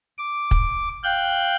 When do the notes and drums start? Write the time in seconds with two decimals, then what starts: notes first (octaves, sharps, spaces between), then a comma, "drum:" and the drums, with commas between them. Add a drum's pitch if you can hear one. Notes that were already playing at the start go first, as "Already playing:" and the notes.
0.18 D6
0.51 drum: kick
1.04 F5 G5 F#6 G6